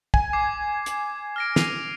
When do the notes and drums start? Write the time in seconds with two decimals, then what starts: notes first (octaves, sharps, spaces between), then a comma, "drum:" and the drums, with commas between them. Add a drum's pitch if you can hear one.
0.14 G#5, drum: kick
0.33 D6 G#6 C7
0.86 drum: hi-hat
1.36 F6 A#6 D7
1.56 C7 D#7 F7, drum: snare